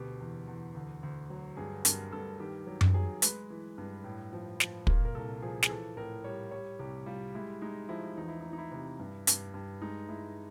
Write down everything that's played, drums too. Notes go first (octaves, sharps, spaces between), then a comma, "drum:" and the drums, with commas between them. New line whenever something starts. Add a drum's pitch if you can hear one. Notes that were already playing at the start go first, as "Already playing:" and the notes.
Already playing: D2 B2 G4
E2
E2
D2
D2
F#3
G2 G#4
G2 A#4, drum: hi-hat
G2 A4
D#3 G4
F#3 G4
drum: tom F#2
F#3 G#4
G#3 B4, drum: hi-hat
E3
G2
A2
F3
F3, drum: snare
A#2 A#4, drum: kick
A#4
C2 A4
F3 G#4
G#4, drum: snare
E3 A4
A2 A#4
G3 C#5
G3 C#5
C2 G4
G3 F4
G#3 E4
G#3 D#4
F3 E4
E2 D#4
E4
D#4
E3
D#4
E4
C3
G2
G2, drum: hi-hat
G2
G#3 D#4
G#3 E4